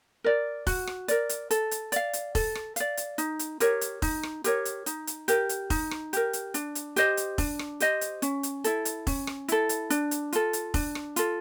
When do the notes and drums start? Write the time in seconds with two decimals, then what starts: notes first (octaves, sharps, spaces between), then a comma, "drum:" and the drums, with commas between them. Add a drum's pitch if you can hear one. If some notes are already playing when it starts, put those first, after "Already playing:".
0.24 A#4 D5
0.67 F#4, drum: kick F1, open hi-hat
0.87 drum: rim click
1.08 A#4 D5, drum: hi-hat
1.29 drum: hi-hat
1.51 A4, drum: hi-hat
1.71 drum: hi-hat
1.92 D5 F5, drum: hi-hat
2.13 drum: hi-hat
2.35 A4, drum: kick F1, open hi-hat
2.55 drum: rim click
2.76 D5 F5, drum: hi-hat
2.97 drum: hi-hat
3.18 D#4, drum: hi-hat
3.39 drum: hi-hat
3.60 G4 A#4 C#5, drum: hi-hat
3.81 drum: hi-hat
4.02 D#4, drum: kick F1, open hi-hat
4.23 drum: rim click
4.44 G4 A#4 C#5, drum: hi-hat
4.65 drum: hi-hat
4.86 D#4, drum: hi-hat
5.07 drum: hi-hat
5.28 G4 A#4, drum: hi-hat
5.49 drum: hi-hat
5.70 D#4, drum: kick F1, open hi-hat
5.91 drum: rim click
6.13 G4 A#4, drum: hi-hat
6.33 drum: hi-hat
6.54 D4, drum: hi-hat
6.75 drum: hi-hat
6.96 G4 C5 D#5, drum: hi-hat
7.17 drum: hi-hat
7.38 D4, drum: kick F1, open hi-hat
7.59 drum: rim click
7.80 G4 C5 D#5, drum: hi-hat
8.01 drum: hi-hat
8.22 C#4, drum: hi-hat
8.43 drum: hi-hat
8.64 E4 A4, drum: hi-hat
8.85 drum: hi-hat
9.07 C#4, drum: kick F1, open hi-hat
9.27 drum: rim click
9.48 E4 A4, drum: hi-hat
9.69 drum: hi-hat
9.90 D4, drum: hi-hat
10.11 drum: hi-hat
10.32 F4 A4, drum: hi-hat
10.53 drum: hi-hat
10.74 D4, drum: kick F1, open hi-hat
10.95 drum: rim click
11.16 F4 A4, drum: hi-hat